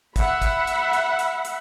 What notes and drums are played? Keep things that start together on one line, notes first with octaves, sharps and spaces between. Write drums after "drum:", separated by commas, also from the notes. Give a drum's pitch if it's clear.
E5 F#5 B5, drum: kick, hi-hat
drum: kick, hi-hat
drum: hi-hat
drum: hi-hat
drum: hi-hat
drum: hi-hat